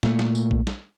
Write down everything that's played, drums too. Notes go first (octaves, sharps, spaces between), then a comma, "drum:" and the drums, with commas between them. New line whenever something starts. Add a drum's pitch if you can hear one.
A#2 A3, drum: snare
drum: snare
drum: tambourine
drum: kick A#1
drum: snare